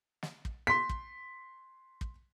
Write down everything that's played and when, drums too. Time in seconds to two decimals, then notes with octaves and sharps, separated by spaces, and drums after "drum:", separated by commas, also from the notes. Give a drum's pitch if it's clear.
0.23 drum: snare
0.45 drum: kick
0.67 C6 B6
0.89 drum: kick
2.01 drum: kick